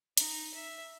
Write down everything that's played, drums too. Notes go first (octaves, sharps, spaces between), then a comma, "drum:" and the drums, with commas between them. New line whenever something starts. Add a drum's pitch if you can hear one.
D#4, drum: hi-hat
E5